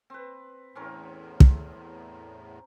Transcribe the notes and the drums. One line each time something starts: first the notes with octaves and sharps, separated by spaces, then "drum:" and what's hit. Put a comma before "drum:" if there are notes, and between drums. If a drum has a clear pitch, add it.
C4 B4
E2 A2 C4 C#4 A#4
drum: kick